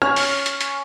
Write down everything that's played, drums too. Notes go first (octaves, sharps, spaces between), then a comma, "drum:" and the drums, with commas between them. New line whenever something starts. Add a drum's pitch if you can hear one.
C#4 F6, drum: rim click
drum: open hi-hat
drum: hi-hat
drum: hi-hat